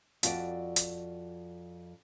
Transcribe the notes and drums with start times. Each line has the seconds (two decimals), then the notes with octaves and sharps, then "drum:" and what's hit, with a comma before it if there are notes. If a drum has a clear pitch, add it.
0.23 F2 F#4 D5, drum: hi-hat
0.76 drum: hi-hat